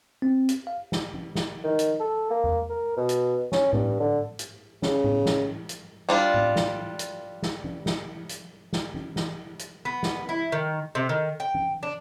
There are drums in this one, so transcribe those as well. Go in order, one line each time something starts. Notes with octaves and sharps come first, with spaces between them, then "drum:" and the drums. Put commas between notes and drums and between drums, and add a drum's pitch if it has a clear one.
C4
drum: hi-hat
F5
drum: snare
drum: tom
drum: snare
D#3
drum: hi-hat
A4
A#3
drum: tom E2
A#4
B2
drum: hi-hat
C#4, drum: snare
G2, drum: tom A2
D3
drum: hi-hat
C#3, drum: snare
drum: tom A2
drum: snare
drum: hi-hat
G3 D4 F4
drum: tom A2
drum: snare
drum: hi-hat
drum: snare
drum: tom
drum: snare
drum: hi-hat
drum: snare
drum: tom
drum: snare
drum: hi-hat
B3
drum: snare
E4
D#3
C3
D#3
G5
drum: tom
D4